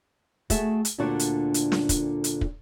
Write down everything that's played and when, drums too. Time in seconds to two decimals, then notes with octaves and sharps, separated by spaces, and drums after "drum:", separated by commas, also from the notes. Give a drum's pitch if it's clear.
0.50 A3 F#4 G#4 E5, drum: kick, hi-hat
0.85 drum: hi-hat
0.98 D2 A#2 D3 D4 F#4 F#5
1.19 drum: hi-hat
1.54 drum: hi-hat
1.72 drum: snare
1.89 drum: kick, hi-hat
2.24 drum: hi-hat
2.41 drum: kick